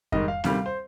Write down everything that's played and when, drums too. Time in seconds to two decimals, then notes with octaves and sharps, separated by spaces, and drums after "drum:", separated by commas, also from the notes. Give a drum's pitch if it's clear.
0.12 G#2 D#3 G3 D#5, drum: kick F2
0.28 F5
0.44 D2 C3 D#3 G3 F5, drum: snare B3
0.66 C5